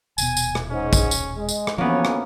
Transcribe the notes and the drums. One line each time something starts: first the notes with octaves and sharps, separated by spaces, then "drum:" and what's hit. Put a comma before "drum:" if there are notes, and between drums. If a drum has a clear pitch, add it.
D#1 B2 B3 G#5, drum: tambourine
drum: tambourine
drum: rim click
G#2 C#4
drum: kick, tambourine
drum: tambourine
G#3
drum: tambourine
drum: rim click
D2 E3 F3 A#3 B3 C#4 C#5
drum: rim click